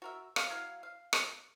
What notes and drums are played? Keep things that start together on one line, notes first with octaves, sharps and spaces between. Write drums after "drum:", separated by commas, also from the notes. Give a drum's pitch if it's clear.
F#4 A#4 E5
F5, drum: rim click
F#3 E4 F5
F5
drum: rim click